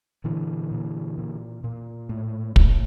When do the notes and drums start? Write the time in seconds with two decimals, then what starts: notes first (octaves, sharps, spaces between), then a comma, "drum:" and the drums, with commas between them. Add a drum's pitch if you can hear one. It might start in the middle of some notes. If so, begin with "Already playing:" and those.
0.24 A#2 D3 E3
0.71 A#2
1.18 A#2
1.64 A#2
2.09 A2
2.56 A2, drum: kick